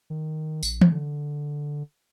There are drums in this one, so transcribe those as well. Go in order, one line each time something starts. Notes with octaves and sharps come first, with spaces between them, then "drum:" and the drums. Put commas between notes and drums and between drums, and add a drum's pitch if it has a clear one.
D#3
A#1, drum: tambourine
drum: tom
D3